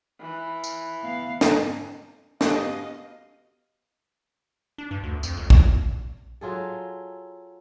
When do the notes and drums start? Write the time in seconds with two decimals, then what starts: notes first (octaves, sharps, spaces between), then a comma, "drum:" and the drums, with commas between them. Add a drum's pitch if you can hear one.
0.21 E3
0.64 drum: tambourine
1.00 B3 F5
1.41 drum: snare
2.41 B3 F#4 G4 D#5 F5, drum: snare
4.78 D4
4.91 G2
5.03 D2
5.23 F2, drum: tambourine
5.37 C#2
5.50 A#2, drum: kick
6.41 F#3 F4 G#4 A4